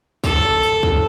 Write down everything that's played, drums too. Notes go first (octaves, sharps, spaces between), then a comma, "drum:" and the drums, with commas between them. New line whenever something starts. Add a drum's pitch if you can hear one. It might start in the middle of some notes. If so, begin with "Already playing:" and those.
A4, drum: kick, tambourine
drum: tambourine
drum: kick